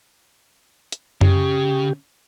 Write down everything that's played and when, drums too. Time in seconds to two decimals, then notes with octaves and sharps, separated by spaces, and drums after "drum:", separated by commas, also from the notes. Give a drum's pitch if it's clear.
0.92 drum: hi-hat
1.21 C#3 G4, drum: tom F#2